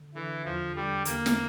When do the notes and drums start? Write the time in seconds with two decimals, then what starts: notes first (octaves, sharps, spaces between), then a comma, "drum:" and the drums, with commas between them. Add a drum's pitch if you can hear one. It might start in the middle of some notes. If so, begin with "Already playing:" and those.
Already playing: D3
0.15 D3 E3
0.45 E2 F3
0.76 D3 G3
1.05 E2 A#3, drum: hi-hat
1.26 drum: snare